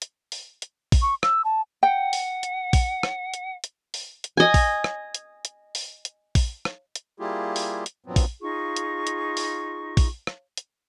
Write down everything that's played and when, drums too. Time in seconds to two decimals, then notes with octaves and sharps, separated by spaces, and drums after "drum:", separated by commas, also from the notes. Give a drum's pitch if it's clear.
0.02 drum: hi-hat
0.32 drum: open hi-hat
0.62 drum: hi-hat
0.92 drum: kick, open hi-hat
1.02 C#6
1.23 E6, drum: rim click
1.45 A5
1.83 F#5 G5
2.13 drum: open hi-hat
2.43 drum: hi-hat
2.73 drum: kick, open hi-hat
3.03 drum: rim click
3.34 drum: hi-hat
3.64 drum: hi-hat
3.94 drum: open hi-hat
4.24 drum: hi-hat
4.37 D#5 G#5
4.54 drum: kick, open hi-hat
4.84 drum: rim click
5.15 drum: hi-hat
5.45 drum: hi-hat
5.75 drum: open hi-hat
6.05 drum: hi-hat
6.35 drum: kick, open hi-hat
6.65 drum: rim click
6.95 drum: hi-hat
7.20 G3 A#3 E4 F4 G4 G#4
7.56 drum: open hi-hat
7.86 drum: hi-hat
8.06 G2 A#2 F3 F#3 B3 C4
8.16 drum: kick, open hi-hat
8.40 D#4 F4 G#4 C#6
8.76 drum: hi-hat
9.07 drum: hi-hat
9.37 drum: open hi-hat
9.97 drum: kick, open hi-hat
10.27 drum: rim click
10.57 drum: hi-hat